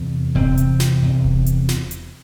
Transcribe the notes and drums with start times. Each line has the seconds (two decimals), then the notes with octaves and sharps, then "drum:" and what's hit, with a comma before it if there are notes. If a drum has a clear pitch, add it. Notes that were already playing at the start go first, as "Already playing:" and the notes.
Already playing: E2 C3
0.35 E2 C3 C4, drum: kick D#1
0.58 drum: hi-hat
0.80 drum: snare
1.02 E2 C3
1.24 drum: kick D#1
1.46 drum: hi-hat
1.69 drum: snare
1.91 drum: hi-hat